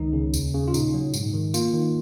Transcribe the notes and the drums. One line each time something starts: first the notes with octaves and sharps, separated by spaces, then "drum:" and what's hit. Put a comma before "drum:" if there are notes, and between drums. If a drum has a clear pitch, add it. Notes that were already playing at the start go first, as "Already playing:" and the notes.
Already playing: C#2 D#3 D#4
C#3
D#2, drum: tambourine
C#3
F4
A#2 D#4, drum: tambourine
F#3
G#2, drum: tambourine
D#3
A#3 F4, drum: tambourine
D#3